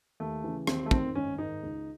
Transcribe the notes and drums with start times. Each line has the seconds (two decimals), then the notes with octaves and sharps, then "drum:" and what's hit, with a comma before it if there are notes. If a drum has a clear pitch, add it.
0.20 D#2 A3
0.44 C#3 E3
0.67 D#2 C4, drum: rim click
0.86 A3
0.91 D#3 C4, drum: kick
1.15 G#1 C#4
1.38 G#2 D#3 D#4
1.63 C#2